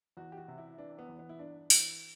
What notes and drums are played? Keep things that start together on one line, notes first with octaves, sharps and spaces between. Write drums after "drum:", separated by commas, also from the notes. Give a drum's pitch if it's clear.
E2 F#4
G4
F#4
C3
E4
E3 D4
B3
E2
B3
E4
G2 D4
E3, drum: open hi-hat